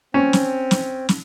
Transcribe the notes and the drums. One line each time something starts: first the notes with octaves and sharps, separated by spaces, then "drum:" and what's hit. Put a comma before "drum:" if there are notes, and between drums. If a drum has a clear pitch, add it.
C4 C#4
drum: snare
drum: snare
drum: snare